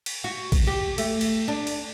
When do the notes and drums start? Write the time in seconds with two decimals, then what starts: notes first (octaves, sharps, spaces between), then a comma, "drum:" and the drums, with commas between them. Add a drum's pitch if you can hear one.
0.06 drum: cymbal
0.24 F#4
0.52 drum: kick A1, cymbal
0.67 G4
0.98 A3, drum: cymbal
1.21 drum: cymbal
1.48 D4
1.67 drum: cymbal